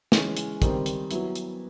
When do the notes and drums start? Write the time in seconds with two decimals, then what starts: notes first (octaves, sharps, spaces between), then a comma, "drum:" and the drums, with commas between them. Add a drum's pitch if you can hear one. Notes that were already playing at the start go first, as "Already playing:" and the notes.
0.12 E3 G#3 C#4, drum: snare
0.37 drum: hi-hat
0.62 D#3 G3 C4, drum: kick, hi-hat
0.86 drum: hi-hat
1.11 F#3 B3 E4, drum: hi-hat
1.35 drum: hi-hat